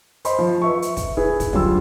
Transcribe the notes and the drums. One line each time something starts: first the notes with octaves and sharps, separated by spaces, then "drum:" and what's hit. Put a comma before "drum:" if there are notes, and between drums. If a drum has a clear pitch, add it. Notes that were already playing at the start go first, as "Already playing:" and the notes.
C5 D#5 B5 C6, drum: hi-hat
F3
B4 E5 C#6
drum: hi-hat
drum: kick, hi-hat
E4 G#4 B4
drum: kick, hi-hat
F#2 D3 G3 F4 E6, drum: tom